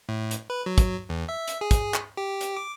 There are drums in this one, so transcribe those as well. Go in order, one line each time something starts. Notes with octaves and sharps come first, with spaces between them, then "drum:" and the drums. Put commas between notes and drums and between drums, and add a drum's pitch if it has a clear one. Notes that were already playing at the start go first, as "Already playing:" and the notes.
A2
drum: hi-hat
B4
F#3
drum: kick, hi-hat
E2
E5
drum: hi-hat
G#4
drum: kick, hi-hat
drum: clap
G4
drum: hi-hat
D6